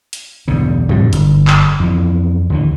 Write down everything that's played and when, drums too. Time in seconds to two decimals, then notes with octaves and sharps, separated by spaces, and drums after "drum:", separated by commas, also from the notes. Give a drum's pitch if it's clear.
0.13 drum: hi-hat
0.48 B1 E2 G2 D3
0.89 F2 A2 G3, drum: tom G2
1.13 G1, drum: hi-hat
1.47 drum: clap
1.80 F2 E3
2.50 D#2 D3 E3